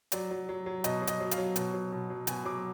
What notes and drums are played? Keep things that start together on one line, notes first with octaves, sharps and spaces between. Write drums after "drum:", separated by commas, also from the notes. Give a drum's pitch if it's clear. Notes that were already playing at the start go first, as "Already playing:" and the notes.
F#3 D5, drum: hi-hat
F#3
F#3
F#3
B2 D#5, drum: hi-hat
F#3
D#5, drum: hi-hat
F#3
F5, drum: hi-hat
F#3
B2, drum: hi-hat
F#3
B2
F#3
B2 G#5, drum: hi-hat
F#3 D6